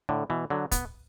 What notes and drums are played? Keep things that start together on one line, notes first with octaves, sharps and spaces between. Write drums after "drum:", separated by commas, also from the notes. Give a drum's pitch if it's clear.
A2 D3
B2 E3
D3 F#3
B3, drum: kick, hi-hat